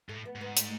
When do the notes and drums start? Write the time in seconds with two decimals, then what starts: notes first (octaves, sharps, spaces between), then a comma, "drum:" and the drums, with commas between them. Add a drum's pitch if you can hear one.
0.09 G#2 A3
0.15 A2
0.25 B3
0.35 G#2
0.41 B3
0.57 A3, drum: hi-hat